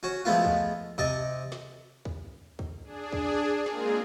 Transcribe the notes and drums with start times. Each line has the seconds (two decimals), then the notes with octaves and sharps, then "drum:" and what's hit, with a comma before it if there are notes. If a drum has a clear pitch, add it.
0.03 C#4 F#4
0.25 F3 G#3 A3 B3 F4
0.45 drum: kick
0.98 C3 D#5 A5, drum: kick
1.52 drum: snare
2.05 drum: kick
2.59 drum: kick
2.84 D4 G#4
3.13 drum: kick
3.66 G#3 A#3 C4 F4 G#4 A#4, drum: snare